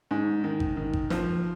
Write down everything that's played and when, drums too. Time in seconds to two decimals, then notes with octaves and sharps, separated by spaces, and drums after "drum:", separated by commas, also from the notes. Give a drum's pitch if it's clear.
0.11 G#2
0.44 D#3
0.60 drum: kick G#1
0.77 D#3
0.93 drum: kick G#1
1.10 F3, drum: snare